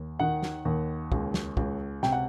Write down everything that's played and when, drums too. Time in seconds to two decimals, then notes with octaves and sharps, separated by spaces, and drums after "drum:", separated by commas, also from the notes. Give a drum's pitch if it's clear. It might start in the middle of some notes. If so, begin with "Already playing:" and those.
Already playing: D#2
0.19 D#3 F#5
0.43 drum: snare
0.65 D#2
1.12 C#2, drum: kick
1.34 drum: snare
1.57 C#2, drum: kick
2.03 C3 G5, drum: snare
2.12 F#5